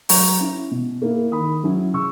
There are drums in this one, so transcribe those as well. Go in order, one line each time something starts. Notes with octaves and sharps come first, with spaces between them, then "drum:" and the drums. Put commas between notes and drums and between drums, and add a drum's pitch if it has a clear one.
F#3 A#5 C#6, drum: open hi-hat
C#4 E4
B2
A#3 E4
D#3 B5 D#6
F#3 C#4 E4
C#3 C#6 E6